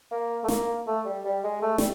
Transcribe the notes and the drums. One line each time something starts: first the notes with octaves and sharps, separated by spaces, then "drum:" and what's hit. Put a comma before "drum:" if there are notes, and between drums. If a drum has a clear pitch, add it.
A#3
A3
A#3, drum: snare
A3
G3
G3
G#3
A3
G3, drum: snare